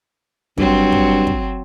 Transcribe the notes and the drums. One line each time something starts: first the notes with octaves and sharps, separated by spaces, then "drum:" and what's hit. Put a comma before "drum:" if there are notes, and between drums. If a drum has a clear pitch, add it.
G2 F#3 C4, drum: kick
drum: kick
drum: kick